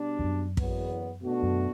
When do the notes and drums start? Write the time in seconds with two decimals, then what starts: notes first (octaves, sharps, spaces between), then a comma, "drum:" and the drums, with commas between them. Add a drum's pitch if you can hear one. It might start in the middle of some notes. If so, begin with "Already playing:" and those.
Already playing: B2 G3 D4
0.19 E2
0.24 F#2
0.57 F#1 E2 B2 F#3 B3, drum: kick
1.21 B2 A3 D4 F#4
1.43 F#2